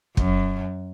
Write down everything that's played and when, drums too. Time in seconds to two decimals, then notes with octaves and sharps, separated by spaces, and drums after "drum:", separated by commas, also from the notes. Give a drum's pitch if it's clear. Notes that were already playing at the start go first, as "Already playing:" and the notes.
0.17 F#2, drum: kick